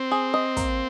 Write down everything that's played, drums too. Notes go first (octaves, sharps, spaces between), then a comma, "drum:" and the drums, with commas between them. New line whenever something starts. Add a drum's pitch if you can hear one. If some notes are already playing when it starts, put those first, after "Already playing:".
Already playing: C4
G#4
D#5
A#3, drum: kick, hi-hat